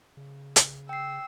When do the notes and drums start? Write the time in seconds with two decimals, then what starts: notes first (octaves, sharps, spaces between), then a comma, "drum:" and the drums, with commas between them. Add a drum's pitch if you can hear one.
0.17 C#3
0.56 drum: hi-hat
0.89 G5 E6 C7